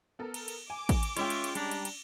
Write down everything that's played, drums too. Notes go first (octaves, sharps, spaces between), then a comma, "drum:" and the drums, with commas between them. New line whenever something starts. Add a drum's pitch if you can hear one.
B3 A4 A#4
drum: cymbal
drum: cymbal
G#5 D6
drum: kick, cymbal
drum: cymbal
G#3 C#4 F4 C#5 E5 G5, drum: cymbal
drum: cymbal
drum: cymbal
G3 D4 G4 A#5, drum: cymbal
drum: cymbal
drum: cymbal